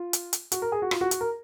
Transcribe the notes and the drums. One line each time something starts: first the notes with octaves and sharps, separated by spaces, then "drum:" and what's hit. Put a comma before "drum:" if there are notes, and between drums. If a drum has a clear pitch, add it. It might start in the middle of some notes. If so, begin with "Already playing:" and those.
Already playing: F4
drum: hi-hat
drum: hi-hat
F#4, drum: hi-hat
A#4
G#4
F#4
F4, drum: rim click
F#4
F#4, drum: hi-hat
A#4